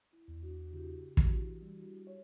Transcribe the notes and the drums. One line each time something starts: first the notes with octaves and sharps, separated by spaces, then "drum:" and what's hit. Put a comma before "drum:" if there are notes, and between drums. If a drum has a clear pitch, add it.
E4
E2
D4 F#4
C#3 E4 G4
E3, drum: kick
G3
C#5